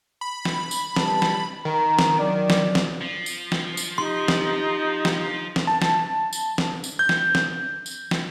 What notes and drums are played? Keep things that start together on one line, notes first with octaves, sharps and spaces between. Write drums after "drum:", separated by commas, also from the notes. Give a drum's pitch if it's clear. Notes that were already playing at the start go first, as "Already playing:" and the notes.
B5
drum: snare
drum: tambourine
G3 B4 A5, drum: snare
drum: snare
D#3 A#5
drum: snare
F#3 D5
drum: snare
drum: snare
F3
drum: tambourine
drum: snare
drum: tambourine
D#4 G4 C6
drum: snare
drum: snare
drum: snare
A5
drum: snare
drum: tambourine
drum: snare
drum: tambourine
G6
drum: snare
drum: snare
drum: tambourine
drum: snare